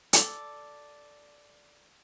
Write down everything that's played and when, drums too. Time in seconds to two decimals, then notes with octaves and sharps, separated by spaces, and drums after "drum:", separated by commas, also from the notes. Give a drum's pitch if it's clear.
0.13 A4 D5, drum: hi-hat